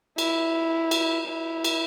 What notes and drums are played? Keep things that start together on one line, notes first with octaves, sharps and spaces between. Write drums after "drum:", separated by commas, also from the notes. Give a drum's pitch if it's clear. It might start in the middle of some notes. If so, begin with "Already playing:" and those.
E4, drum: cymbal
drum: cymbal
E4
drum: cymbal